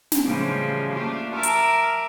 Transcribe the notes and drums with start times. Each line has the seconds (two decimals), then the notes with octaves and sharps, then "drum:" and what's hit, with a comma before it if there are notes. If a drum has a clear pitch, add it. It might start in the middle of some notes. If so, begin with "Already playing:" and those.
0.12 drum: snare
0.24 A2 C#3 E3 F3 G3 G#3
0.90 A3 A#3 D4 F4 G4
1.33 A#4 E5 A5 A#5 D6 F6
1.43 drum: hi-hat